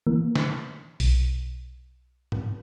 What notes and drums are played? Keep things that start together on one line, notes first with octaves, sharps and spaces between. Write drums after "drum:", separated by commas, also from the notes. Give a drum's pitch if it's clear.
E3 A#3
drum: snare
B1, drum: open hi-hat
drum: tom G#2